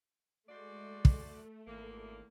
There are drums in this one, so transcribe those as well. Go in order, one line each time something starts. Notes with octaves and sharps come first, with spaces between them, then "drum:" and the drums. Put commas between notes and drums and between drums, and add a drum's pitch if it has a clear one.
G#3 A3 F#4 C5 D5
drum: kick
G#1 E2 A#3